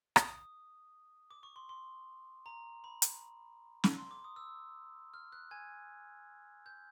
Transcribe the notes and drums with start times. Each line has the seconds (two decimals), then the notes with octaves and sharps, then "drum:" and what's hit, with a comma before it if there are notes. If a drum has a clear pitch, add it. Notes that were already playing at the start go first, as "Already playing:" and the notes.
0.16 D#6, drum: rim click
1.31 D6
1.43 C#6
1.56 C6
1.69 C6
2.46 A#5
2.84 B5
3.02 drum: hi-hat
3.84 drum: snare
3.98 C6
4.11 D6
4.24 D#6
4.36 E6
5.14 F6
5.32 F#6
5.51 G#5 G#6
6.66 G6